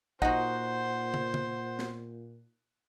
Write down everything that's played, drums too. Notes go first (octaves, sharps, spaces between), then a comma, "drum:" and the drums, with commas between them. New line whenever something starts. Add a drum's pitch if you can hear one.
A#2 D#4 F#4 C5 F#5, drum: kick
drum: tom
drum: tom
drum: snare